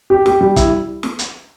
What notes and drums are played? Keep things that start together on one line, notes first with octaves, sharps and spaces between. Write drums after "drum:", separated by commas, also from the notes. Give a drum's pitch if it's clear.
G4
G4, drum: snare
G3
E4, drum: kick, hi-hat
drum: snare
drum: hi-hat